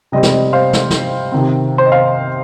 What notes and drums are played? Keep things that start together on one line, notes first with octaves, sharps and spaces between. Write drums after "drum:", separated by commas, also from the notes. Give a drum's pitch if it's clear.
C3 G3 C4 D#5
drum: snare
D#5
C5 F5
drum: snare
drum: snare
C3 D#3 C4
C5
D#5
C5 F5